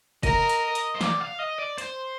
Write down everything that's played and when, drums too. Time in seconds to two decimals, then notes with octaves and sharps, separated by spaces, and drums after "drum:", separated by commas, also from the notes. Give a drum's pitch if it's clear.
0.23 A#4 D#5, drum: kick, hi-hat
0.49 drum: hi-hat
0.75 drum: hi-hat
0.95 C5
1.01 D5, drum: snare
1.21 F5
1.40 D#5
1.59 D5
1.78 C5, drum: hi-hat